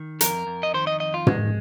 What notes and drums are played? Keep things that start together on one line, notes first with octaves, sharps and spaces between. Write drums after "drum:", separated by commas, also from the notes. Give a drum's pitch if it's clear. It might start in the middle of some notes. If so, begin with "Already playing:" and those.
Already playing: D#3
F2 A#4, drum: hi-hat
F2
D#5
D#3 C5
D#5
F2 D#5
F4
D#3 G#3, drum: tom